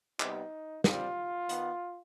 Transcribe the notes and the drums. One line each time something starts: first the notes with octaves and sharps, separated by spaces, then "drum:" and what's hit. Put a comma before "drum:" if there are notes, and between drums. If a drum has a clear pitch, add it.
C3 G3 B3 D#4, drum: clap
D3 G3 C4 F4, drum: snare
D#3 B3, drum: hi-hat